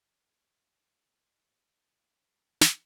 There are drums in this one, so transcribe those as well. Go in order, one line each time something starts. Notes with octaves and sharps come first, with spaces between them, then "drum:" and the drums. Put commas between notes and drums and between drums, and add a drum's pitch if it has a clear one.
D#4
A#3 E5
drum: snare